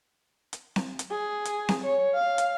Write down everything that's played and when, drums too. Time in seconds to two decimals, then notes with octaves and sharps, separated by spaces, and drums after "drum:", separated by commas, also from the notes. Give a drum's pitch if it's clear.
0.53 drum: hi-hat
0.76 drum: snare C4
0.99 drum: hi-hat
1.11 G#4
1.45 drum: hi-hat
1.69 drum: snare C4
1.84 C#5
2.15 F5
2.38 drum: hi-hat